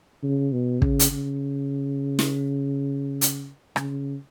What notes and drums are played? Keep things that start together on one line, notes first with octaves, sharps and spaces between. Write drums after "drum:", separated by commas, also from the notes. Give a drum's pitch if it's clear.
C#3
B2
C#3, drum: kick
drum: hi-hat
C#3
drum: snare
drum: hi-hat
C#3, drum: rim click